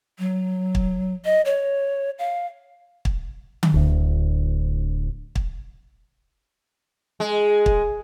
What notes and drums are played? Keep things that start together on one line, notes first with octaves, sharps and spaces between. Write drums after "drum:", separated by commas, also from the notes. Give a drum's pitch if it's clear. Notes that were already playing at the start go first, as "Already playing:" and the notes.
F#3
drum: kick
D#5
C#5
F5
drum: kick
drum: tom D3
D1 D2
drum: kick
G#3
drum: kick